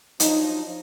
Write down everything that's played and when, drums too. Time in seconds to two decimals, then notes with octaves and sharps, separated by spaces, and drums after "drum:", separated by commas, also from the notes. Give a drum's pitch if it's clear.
0.20 F3 F#3 D4 D#4, drum: hi-hat